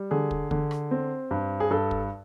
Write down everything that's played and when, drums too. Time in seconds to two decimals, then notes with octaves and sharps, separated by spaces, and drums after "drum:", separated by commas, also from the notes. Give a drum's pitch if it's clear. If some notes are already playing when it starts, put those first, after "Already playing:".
Already playing: G3
0.11 D3 G#4
0.31 drum: kick
0.51 D3, drum: kick
0.71 drum: rim click
0.91 C4
1.31 G2
1.60 G#4
1.70 G2 A4
1.91 drum: kick